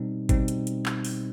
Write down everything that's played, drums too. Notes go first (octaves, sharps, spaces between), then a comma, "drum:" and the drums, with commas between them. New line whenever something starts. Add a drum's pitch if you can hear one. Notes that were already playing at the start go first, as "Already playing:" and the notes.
Already playing: B2 G3 C4 D#4
B2 G3 C4 D#4, drum: kick, hi-hat
drum: hi-hat
drum: hi-hat
drum: clap
drum: open hi-hat